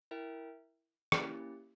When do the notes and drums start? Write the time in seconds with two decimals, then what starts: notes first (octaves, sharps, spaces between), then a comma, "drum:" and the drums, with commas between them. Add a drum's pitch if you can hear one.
0.11 E4 A#4 E5 G5
1.12 A#3 C#4 E4 G4, drum: rim click